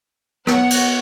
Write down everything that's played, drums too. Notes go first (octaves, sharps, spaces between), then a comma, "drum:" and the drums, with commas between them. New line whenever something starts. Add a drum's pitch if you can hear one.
B3 C#5 F#5, drum: rim click
drum: cymbal